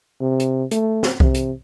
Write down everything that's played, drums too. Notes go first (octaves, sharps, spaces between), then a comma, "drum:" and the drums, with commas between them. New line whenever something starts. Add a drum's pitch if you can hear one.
C3
drum: hi-hat
A3, drum: hi-hat
drum: snare
C3, drum: kick C2
drum: hi-hat